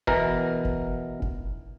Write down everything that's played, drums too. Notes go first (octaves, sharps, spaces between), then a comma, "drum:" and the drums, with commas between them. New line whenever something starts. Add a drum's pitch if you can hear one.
B2 E3 A#4 A#5, drum: kick F1
drum: kick F1
drum: kick F1